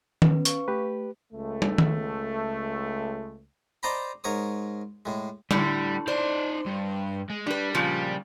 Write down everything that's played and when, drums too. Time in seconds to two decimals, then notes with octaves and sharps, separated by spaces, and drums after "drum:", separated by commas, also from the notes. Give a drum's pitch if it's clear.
0.22 C#4 B4, drum: tom D#3
0.45 B4 F5 C#6, drum: hi-hat
0.68 A3 G4 B4
1.33 C#2 A3
1.62 drum: tom
1.78 drum: tom D#3
3.83 C5 D5 D#5 G5 A#5 B5
4.24 G#2 A#4 C#5 D#6
5.05 A2 G#3
5.51 A2 D3 G3, drum: tom
6.08 D#4 C5 D5
6.66 G2
7.30 G#3
7.47 G3 D4 B4
7.75 A#2 C#3 F3